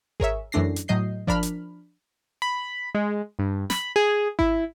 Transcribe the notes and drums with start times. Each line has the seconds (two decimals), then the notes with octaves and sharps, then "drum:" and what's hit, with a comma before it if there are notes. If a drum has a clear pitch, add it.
0.20 G#4 A#4 C#5 E5, drum: kick G#1
0.52 F#2 E3 A3 D4 A#6 C7
0.76 drum: hi-hat
0.88 A2 F#3 D#5 G6 C7
1.27 F3 D4 A#4 B5 F6, drum: kick G#1
1.43 drum: hi-hat
2.42 B5
2.95 G#3
3.39 G2
3.70 B5, drum: snare
3.96 G#4
4.39 E4, drum: kick G#1